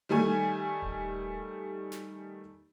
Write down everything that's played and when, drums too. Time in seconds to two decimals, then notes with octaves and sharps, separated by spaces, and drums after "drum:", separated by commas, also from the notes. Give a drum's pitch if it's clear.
0.09 D#3 G3 A3 G#5
0.82 drum: kick D#1
1.92 drum: snare